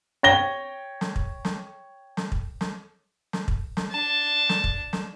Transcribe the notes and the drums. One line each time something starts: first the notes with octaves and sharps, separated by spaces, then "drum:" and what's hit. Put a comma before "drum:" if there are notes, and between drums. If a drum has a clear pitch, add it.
C#5 G5 A#6 G7
drum: snare
drum: kick
drum: snare
drum: snare
drum: kick
drum: snare
drum: snare
drum: kick
drum: snare
D4 A5
drum: snare
drum: kick
drum: snare